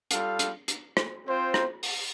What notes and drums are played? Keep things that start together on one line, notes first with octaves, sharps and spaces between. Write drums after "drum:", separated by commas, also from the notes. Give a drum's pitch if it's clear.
G3 F4 A4 F5, drum: hi-hat
drum: hi-hat
drum: hi-hat
drum: rim click
C4 F4 C5 G5
drum: rim click
drum: open hi-hat